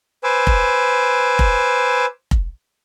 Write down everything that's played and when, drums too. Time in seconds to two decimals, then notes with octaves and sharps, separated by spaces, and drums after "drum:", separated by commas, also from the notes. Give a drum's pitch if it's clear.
0.24 B4 C5 G#5 D6 E6
0.47 drum: kick F1
1.39 drum: kick F1
2.31 drum: kick F1